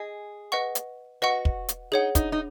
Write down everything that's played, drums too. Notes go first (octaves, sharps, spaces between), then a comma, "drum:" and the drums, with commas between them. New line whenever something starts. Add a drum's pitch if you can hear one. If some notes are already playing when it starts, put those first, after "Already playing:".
Already playing: G#4 D#5 G#5
B4 D#5 F#5 C#6
drum: hi-hat
F#4 B4 D#5 F#5 C#6
drum: kick
drum: hi-hat
D#4 G#4 C#5 F#5
D#4, drum: kick, hi-hat
D#4